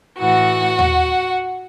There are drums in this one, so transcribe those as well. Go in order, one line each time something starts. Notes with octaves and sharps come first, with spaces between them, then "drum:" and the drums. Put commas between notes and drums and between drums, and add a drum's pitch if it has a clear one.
A2 E3 F#4 F#5
drum: tom D#2